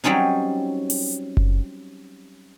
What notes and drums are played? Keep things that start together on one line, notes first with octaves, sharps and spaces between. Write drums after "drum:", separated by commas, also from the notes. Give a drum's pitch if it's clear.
F#3 G3 C4 C#4 D#4
drum: open hi-hat
drum: kick F#1